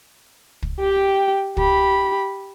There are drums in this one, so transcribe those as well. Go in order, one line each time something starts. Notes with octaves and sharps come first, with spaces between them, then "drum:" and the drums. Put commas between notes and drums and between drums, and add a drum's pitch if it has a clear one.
drum: kick
G4 G5
G4 B5, drum: kick